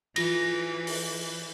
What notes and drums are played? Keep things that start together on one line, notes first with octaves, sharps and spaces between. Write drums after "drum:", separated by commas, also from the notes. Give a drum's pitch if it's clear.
E3 F4 A#6, drum: cymbal
drum: open hi-hat